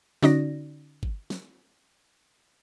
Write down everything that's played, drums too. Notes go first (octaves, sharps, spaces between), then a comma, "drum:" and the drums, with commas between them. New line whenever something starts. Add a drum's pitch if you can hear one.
D3 C#4 D#4 F#4 D5 A#6, drum: snare
drum: kick G1
drum: snare